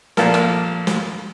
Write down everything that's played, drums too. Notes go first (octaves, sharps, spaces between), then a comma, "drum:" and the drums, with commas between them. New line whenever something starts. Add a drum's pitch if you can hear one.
A#2 F3 A#3 A4 A#4, drum: snare
drum: rim click
drum: snare